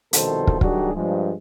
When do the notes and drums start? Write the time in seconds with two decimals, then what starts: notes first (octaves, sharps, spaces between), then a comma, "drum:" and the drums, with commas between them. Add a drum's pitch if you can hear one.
0.13 C2 B2 D#3 F3 A4 C5, drum: hi-hat
0.47 drum: kick
0.61 D#3 F#3 G3 D4 F#4 G#4, drum: kick
0.94 G2 F3 G#3